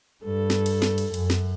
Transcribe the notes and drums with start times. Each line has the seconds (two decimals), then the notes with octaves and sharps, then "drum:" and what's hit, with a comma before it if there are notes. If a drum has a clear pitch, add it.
0.25 G2 A4
0.50 drum: snare
0.66 drum: cymbal
0.82 drum: snare
0.98 drum: cymbal
1.14 F#2, drum: cymbal
1.30 drum: snare